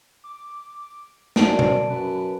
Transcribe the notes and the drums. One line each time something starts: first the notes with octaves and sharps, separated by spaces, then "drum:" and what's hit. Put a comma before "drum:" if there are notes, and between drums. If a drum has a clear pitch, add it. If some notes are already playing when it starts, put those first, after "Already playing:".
D6
F#2 D5 A5 D7, drum: snare
drum: tom B2
F#2 B4